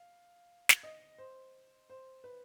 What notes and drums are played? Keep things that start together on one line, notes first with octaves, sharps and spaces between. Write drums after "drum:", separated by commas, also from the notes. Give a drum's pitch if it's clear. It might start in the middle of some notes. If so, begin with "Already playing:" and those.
Already playing: F5
drum: snare
D#5
C5
C5
B4